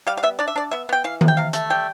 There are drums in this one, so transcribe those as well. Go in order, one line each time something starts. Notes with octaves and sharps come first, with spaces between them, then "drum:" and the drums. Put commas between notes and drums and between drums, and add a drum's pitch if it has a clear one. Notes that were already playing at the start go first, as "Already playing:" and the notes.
G3 F5
F5
B3 E5
D4 D5
E5
D4 D5
B3 E5
B3 G5
E3 F5
C3, drum: tom D#3
G5
C3 F5
A3, drum: hi-hat
G3 G5